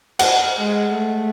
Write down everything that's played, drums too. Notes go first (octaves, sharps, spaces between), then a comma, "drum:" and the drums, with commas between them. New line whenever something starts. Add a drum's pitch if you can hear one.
F#5, drum: cymbal
G#3
A3